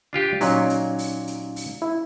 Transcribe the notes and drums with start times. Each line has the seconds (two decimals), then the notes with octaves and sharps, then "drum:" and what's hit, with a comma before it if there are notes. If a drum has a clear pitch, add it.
0.13 D4 F4 G4
0.41 A#2 F#3 C#4 D#4, drum: open hi-hat
0.70 drum: hi-hat
0.99 drum: open hi-hat
1.27 drum: hi-hat
1.56 drum: open hi-hat
1.82 E4